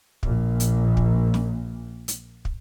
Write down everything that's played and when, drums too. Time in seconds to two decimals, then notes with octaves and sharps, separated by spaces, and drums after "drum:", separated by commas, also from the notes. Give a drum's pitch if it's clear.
0.23 A#1 A#2, drum: kick
0.60 drum: hi-hat
0.97 drum: kick
1.34 drum: snare
2.08 drum: hi-hat
2.45 drum: kick